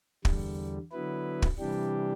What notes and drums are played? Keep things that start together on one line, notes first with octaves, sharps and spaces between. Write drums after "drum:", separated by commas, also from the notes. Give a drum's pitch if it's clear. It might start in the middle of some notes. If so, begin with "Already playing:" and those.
E2 D3 G3, drum: kick
D3 F#3 B3 E4 B4
drum: kick
C3 E3 G3 D4 G4